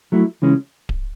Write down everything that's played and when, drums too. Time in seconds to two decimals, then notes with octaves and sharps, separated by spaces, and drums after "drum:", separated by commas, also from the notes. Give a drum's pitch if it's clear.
0.12 F#3 A3 E4
0.42 C#3 E3 G#3 C#4
0.89 drum: kick D1